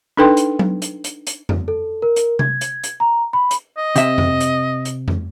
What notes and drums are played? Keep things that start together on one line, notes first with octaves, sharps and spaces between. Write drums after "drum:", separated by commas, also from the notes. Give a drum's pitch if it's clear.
D4 D#4 A4 B4 G5 C6
drum: hi-hat
drum: tom F#3
drum: hi-hat
drum: hi-hat
drum: hi-hat
drum: tom F2
A4
A#4
drum: hi-hat
G#6, drum: tom C3
drum: hi-hat
drum: hi-hat
A#5
B5
drum: hi-hat
D#5
C3 E5, drum: hi-hat
drum: tom F2
drum: hi-hat
drum: hi-hat
drum: tom F2